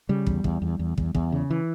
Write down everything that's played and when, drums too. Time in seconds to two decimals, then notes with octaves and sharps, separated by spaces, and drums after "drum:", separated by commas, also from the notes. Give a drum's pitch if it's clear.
0.09 C#3 G3
0.27 E2, drum: kick
0.44 E2, drum: kick
0.62 E2
0.79 E2
0.98 E2, drum: kick
1.15 E2, drum: kick
1.32 C#3
1.50 E3